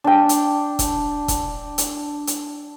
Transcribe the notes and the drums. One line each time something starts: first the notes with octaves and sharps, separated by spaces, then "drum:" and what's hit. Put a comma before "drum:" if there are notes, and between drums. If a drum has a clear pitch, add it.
D4 G5
drum: hi-hat
drum: kick E1, hi-hat
drum: kick E1, hi-hat
drum: hi-hat
drum: hi-hat